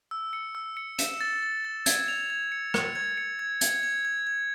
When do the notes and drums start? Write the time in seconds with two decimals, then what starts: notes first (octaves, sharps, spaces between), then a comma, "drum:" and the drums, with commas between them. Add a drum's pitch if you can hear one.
0.11 E6
0.33 C#7
0.55 E6
0.77 C#7
0.99 E7, drum: hi-hat
1.21 A6
1.43 A6
1.65 A6
1.86 G#6, drum: hi-hat
2.08 F7
2.30 G#6
2.52 C#7
2.74 C#7, drum: rim click
2.95 G#6
3.17 C#7
3.39 G#6
3.61 G#6, drum: hi-hat
3.83 G#6
4.05 G#6
4.27 G#6